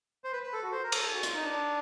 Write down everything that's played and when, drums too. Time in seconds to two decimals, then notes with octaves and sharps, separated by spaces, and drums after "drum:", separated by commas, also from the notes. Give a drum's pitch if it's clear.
0.24 C5
0.33 B4
0.43 B4
0.53 A4
0.63 F#4
0.72 C5
0.83 A#4
0.92 A4, drum: cymbal
1.03 G#4
1.13 F#4
1.23 F4, drum: hi-hat
1.34 D#4
1.43 D4